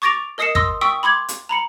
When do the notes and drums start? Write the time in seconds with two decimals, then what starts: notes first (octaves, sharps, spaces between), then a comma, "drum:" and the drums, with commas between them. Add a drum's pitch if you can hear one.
0.02 C#6 D6 A6 A#6 D7 F7
0.38 A#4 D#5 D#6 C7 C#7 E7
0.55 C6 D#6 E6 A#6, drum: kick
0.81 G5 C#6 D#6 E6 B6
1.03 B5 C6 D6 G#6
1.29 drum: hi-hat
1.49 A#5 B5 C#7